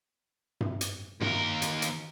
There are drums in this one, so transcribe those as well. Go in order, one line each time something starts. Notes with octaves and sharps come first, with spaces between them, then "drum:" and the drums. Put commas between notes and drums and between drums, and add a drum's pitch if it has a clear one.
drum: tom G2
drum: hi-hat
D#2 A#4, drum: tom G2
drum: hi-hat
drum: hi-hat